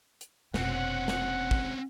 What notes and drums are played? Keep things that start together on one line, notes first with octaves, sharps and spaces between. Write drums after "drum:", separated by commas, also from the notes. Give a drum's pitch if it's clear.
drum: hi-hat
F1 B2 C4 C#4 F#5, drum: snare
drum: snare
drum: kick